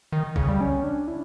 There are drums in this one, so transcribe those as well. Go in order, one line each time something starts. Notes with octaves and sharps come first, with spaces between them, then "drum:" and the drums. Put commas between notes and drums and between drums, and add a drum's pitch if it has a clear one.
D#3
C#3, drum: kick
G3
C#4
D4
E4